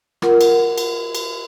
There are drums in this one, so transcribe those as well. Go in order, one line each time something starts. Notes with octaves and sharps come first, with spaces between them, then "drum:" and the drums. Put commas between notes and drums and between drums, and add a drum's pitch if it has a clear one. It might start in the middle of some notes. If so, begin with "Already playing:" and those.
F4 A#4 F#5, drum: rim click
drum: cymbal
drum: cymbal
drum: cymbal